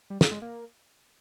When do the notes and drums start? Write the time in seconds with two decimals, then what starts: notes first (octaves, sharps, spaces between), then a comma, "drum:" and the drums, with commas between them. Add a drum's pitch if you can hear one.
0.10 G3
0.21 drum: snare
0.31 G#3
0.42 A#3